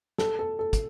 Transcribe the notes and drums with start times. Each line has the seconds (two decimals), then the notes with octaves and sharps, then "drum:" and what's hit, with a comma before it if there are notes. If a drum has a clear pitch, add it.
0.18 A4, drum: snare
0.39 A4
0.59 A4
0.73 drum: kick, hi-hat